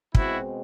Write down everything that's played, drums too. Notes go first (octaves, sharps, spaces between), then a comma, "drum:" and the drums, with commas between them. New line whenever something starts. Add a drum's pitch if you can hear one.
B2 G#3 C4 E4 F#4, drum: kick